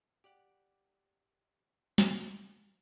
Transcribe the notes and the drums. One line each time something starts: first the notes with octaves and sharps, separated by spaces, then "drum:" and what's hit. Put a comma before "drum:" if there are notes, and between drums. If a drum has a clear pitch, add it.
G4 D5 F#5
drum: snare